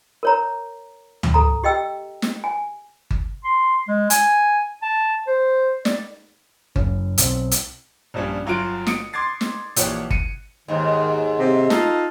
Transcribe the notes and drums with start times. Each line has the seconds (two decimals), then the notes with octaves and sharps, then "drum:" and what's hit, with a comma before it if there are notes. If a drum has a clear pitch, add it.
0.23 A#4 C#5 A#5
1.23 drum: tom C#2
1.34 A4 A#5
1.64 G4 D#5 G5 E6
2.22 drum: snare
2.44 G#5
3.11 drum: kick G1
3.44 C6
3.88 G#3
4.10 G#5, drum: hi-hat
4.82 A5
5.27 C5
5.85 D5, drum: snare
6.76 F#2 C#3 C#4, drum: kick G1
7.18 B1 B2 F#3 C4, drum: hi-hat
7.51 drum: hi-hat
8.14 A#1 G2 G3 C#4
8.46 G1 F#3 F4 F#4 D7
8.87 D#6 C#7 D7, drum: snare
9.13 C6 D6 G#6 A6 C7
9.41 drum: snare
9.76 A#1 A#2 E3 G4 C#5 F#5, drum: hi-hat
10.11 C#7 D#7, drum: kick G1
10.68 D#2 G#2 D#3
11.39 C3
11.70 D#4 F4 A4, drum: snare